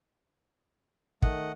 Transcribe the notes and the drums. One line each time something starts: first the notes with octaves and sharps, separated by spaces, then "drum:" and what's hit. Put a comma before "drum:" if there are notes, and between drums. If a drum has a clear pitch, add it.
D#3 A3 D#5 F#5, drum: kick